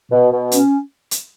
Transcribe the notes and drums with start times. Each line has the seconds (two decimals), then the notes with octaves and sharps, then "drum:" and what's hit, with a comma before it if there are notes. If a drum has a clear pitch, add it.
0.12 B2
0.31 B2
0.52 C#4, drum: hi-hat
1.11 drum: hi-hat